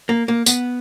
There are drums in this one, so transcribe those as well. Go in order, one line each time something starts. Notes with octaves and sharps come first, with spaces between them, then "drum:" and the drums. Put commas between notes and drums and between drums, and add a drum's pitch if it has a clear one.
A#3
A#3
B3, drum: tambourine